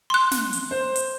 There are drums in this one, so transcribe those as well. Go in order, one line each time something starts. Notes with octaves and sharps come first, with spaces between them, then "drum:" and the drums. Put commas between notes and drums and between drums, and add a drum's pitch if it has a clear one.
C6 F#6
drum: snare
drum: hi-hat
C5
drum: hi-hat